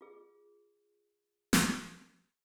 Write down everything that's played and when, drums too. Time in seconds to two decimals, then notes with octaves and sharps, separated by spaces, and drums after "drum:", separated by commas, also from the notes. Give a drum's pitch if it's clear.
0.01 F4 G#4
1.53 drum: snare